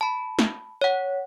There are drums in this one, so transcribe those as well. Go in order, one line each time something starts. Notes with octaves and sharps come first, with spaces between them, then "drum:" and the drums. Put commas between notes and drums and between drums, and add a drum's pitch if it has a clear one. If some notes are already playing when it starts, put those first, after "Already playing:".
A5 B5
drum: snare
C#5 F#5